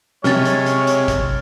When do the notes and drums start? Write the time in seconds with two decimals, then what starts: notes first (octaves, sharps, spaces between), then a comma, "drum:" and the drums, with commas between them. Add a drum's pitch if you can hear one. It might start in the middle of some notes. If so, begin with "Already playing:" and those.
0.24 C3 G#3 C#5 F6 A6, drum: snare
0.45 drum: hi-hat
0.66 drum: hi-hat
0.87 drum: hi-hat
1.08 drum: kick, hi-hat